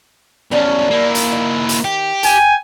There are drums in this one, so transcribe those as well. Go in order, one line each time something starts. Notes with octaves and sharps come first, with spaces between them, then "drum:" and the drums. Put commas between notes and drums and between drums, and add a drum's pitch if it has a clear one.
E2 F#3 G3 C#4 A5
A#3 E4
drum: hi-hat
D#3
drum: hi-hat
G4
G5 G#5, drum: hi-hat